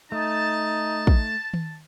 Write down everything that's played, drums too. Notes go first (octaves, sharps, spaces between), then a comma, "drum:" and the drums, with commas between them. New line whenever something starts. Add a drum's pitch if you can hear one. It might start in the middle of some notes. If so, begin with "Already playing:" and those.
A3 D#4 A5
drum: kick
drum: tom D#3